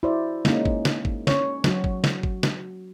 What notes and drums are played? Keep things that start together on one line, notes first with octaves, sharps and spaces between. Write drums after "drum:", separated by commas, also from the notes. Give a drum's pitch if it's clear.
E4 F#4 C5 D5
G#3 A#3 C#4 D#4, drum: snare
drum: kick G1
drum: snare
drum: kick G1
C#4 C#5, drum: snare
F#3 F#4, drum: snare
drum: kick G1
drum: snare
drum: kick G1
drum: snare